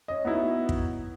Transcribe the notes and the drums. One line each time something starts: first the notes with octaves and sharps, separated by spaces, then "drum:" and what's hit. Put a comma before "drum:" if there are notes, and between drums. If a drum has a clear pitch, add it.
C#4 D#5
B3 D#4 E4 F#4
drum: kick